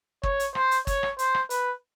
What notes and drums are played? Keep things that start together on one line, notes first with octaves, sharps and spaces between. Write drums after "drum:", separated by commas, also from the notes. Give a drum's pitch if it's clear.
C#5, drum: kick
drum: hi-hat
C5, drum: rim click
drum: hi-hat
C#5, drum: kick, hi-hat
drum: rim click
C5, drum: hi-hat
drum: rim click
B4, drum: hi-hat